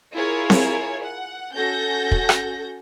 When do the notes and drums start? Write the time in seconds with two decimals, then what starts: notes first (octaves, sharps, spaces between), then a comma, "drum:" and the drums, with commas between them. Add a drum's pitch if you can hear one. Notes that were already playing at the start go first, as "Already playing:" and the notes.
0.12 E4 F4 G#4 A#4 C#5
0.50 drum: snare C4
1.03 F#5
1.54 C#4 F#4 A4 G6 A#6
2.11 drum: kick
2.29 drum: rim click